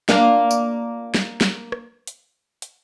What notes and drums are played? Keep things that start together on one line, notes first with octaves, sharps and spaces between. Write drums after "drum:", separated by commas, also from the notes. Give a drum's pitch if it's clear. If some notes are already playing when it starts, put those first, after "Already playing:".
A#3 D4 F4, drum: snare
drum: tambourine
drum: snare
drum: snare
drum: rim click
drum: hi-hat
drum: hi-hat